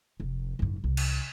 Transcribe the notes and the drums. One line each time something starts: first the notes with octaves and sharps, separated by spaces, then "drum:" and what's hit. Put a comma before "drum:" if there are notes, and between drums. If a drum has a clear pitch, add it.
F1
F#1 G#2
C2
drum: cymbal